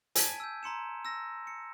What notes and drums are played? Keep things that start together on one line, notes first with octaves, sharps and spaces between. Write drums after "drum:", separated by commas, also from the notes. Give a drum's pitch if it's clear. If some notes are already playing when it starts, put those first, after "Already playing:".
G#5 A5 G#6 B6 D7 D#7, drum: hi-hat
E6 G6
A#5 C6 C#7 E7
E6 A#6
C#7